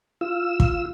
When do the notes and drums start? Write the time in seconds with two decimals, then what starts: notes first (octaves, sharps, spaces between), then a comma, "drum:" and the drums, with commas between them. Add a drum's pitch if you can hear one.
0.21 F4 E6
0.60 drum: kick